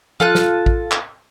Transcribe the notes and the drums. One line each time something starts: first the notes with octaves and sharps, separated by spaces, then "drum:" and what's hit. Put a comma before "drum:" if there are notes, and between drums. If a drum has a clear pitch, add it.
F4 A4 A5 F#6, drum: tom F3
drum: snare
drum: kick A1
drum: clap